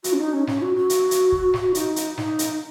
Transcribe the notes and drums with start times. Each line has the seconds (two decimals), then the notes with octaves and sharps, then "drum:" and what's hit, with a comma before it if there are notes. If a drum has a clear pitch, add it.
0.04 F#4, drum: hi-hat
0.13 C#4
0.19 D#4
0.33 C#4
0.47 C#4, drum: snare
0.62 F#4
0.76 F#4
0.90 drum: hi-hat
1.11 drum: hi-hat
1.32 drum: kick
1.54 drum: snare
1.75 D#4, drum: hi-hat
1.96 drum: hi-hat
2.18 D#4, drum: snare
2.39 drum: hi-hat